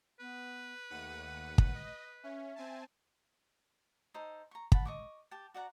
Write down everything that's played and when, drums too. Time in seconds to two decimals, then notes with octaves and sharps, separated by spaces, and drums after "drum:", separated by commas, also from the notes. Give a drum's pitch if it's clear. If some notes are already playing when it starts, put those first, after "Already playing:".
0.20 B3 B4
0.90 D#2 A3 F#5 D#7
1.58 drum: kick
1.74 D#5
2.23 C#4 E5
2.56 C4 G#5 A5
4.14 D#4 A4 C5
4.51 A#5 C#6
4.72 F#5 A5 B5, drum: kick
4.85 D#5 C#6 D6
5.31 G4 G5 A5
5.54 F#4 D5 F#5 A#5